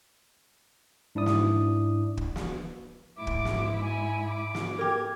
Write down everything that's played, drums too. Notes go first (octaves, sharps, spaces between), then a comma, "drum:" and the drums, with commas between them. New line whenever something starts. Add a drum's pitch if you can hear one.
G#2 D4 E4 D5 D#6
drum: snare
drum: kick
drum: snare
G#2 E4 D6
drum: kick
drum: snare
G#5
D6
drum: snare
G4 A#4 G#6